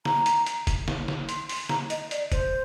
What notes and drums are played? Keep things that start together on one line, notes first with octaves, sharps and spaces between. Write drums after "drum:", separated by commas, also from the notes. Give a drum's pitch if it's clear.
A#5, drum: snare
drum: hi-hat
drum: hi-hat
drum: kick, hi-hat
drum: snare
drum: snare
C6, drum: hi-hat
drum: open hi-hat
A#5, drum: snare
D#5, drum: hi-hat
D5, drum: hi-hat
C5, drum: kick, hi-hat